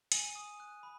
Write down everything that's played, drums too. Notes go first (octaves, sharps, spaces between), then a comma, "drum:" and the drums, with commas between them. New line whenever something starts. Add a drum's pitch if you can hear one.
G#5 D#7, drum: hi-hat
D#6
F#6
B5